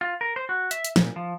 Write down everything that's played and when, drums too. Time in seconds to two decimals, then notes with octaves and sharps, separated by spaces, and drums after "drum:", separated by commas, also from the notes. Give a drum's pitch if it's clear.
0.01 F4
0.21 A#4
0.36 C5
0.49 F#4
0.71 E5, drum: hi-hat
0.84 drum: hi-hat
0.96 A#2, drum: snare
1.16 F3